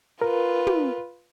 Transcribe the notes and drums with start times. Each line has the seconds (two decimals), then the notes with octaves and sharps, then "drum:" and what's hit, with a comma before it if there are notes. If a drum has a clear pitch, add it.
0.21 F4 A#4 B4
0.67 drum: tom